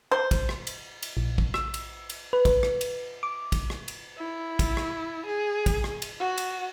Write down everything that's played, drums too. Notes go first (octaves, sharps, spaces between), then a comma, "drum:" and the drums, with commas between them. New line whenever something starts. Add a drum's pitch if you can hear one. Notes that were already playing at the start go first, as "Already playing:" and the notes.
C5
drum: kick, cymbal
drum: rim click
drum: cymbal
drum: cymbal
A#1
drum: kick
E6, drum: rim click
drum: cymbal
drum: cymbal
B4
drum: kick, cymbal
drum: rim click
drum: cymbal
D6
drum: kick, cymbal
drum: rim click
drum: cymbal
E4
drum: kick, cymbal
drum: rim click
G#4
drum: kick, cymbal
drum: rim click
drum: cymbal
F#4
drum: cymbal